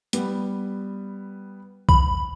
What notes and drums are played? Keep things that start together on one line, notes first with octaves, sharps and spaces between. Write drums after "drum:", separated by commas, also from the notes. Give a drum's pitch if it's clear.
G3 B3, drum: hi-hat
B5, drum: kick